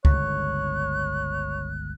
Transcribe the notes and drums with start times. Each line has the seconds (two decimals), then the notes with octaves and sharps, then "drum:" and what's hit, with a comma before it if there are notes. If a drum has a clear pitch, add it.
0.05 G1 C#2 C#5 F#6, drum: kick C#2